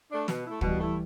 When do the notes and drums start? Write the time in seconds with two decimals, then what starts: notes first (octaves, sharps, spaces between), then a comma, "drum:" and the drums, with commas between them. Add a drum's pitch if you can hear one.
0.11 A3 D4
0.28 B2, drum: snare
0.45 A3 E4
0.61 B2 E3 G3, drum: kick
0.79 A3 E4